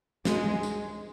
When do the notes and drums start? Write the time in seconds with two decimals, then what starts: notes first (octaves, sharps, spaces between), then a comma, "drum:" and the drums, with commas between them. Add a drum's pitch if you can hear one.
0.25 G#3, drum: snare
0.63 drum: tambourine